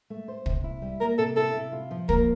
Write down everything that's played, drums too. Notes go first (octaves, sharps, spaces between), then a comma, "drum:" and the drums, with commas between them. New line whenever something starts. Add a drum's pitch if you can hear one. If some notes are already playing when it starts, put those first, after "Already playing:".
A3
C5
C3, drum: kick
E4
G3
A#3 A#4
C3 A4
E4 A4
C3
F4
F3
A#3 A#4, drum: kick